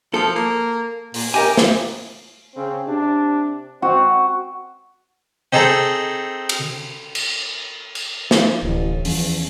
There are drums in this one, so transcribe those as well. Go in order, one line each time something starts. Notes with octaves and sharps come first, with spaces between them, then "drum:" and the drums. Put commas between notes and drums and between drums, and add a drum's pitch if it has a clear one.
F3 A4
A#3
A#2, drum: open hi-hat
G4 A#4 D#5 G#5
drum: snare
C#3 C4
C3 D4
C4 F#4
C4 D#4 G#4 A4
drum: cymbal
drum: cymbal
drum: cymbal
F3 A#3 D#4, drum: snare
D1 A1
E2 F3 C#4, drum: open hi-hat